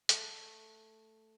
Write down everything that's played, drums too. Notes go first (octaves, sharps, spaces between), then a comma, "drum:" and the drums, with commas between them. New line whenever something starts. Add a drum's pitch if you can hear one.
A3, drum: hi-hat